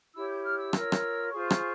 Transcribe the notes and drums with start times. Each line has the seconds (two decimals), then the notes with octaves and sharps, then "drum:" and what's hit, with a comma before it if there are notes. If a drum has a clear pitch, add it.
0.14 E4 G4 C#5 E6
0.29 G6
0.43 F6
0.58 E6
0.73 F4 A#4 C#5, drum: rim click
0.92 drum: rim click
1.31 F4 G#4 C5 C#6
1.50 drum: rim click